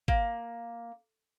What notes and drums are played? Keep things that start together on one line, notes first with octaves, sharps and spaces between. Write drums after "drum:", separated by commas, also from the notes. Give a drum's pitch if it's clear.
A#3, drum: kick